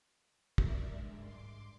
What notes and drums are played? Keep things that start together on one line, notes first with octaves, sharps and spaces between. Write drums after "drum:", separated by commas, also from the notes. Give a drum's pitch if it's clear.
A#4 D5 E5, drum: kick
G2 G#3
G#2 C6 D6